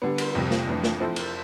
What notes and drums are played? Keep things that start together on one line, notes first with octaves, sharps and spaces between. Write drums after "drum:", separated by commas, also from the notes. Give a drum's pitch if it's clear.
D3 G3 B3
drum: cymbal
F2 C3 G3
drum: snare
F2 E3 A3 D4
drum: snare
F3 C4 E4 A4 C5
drum: cymbal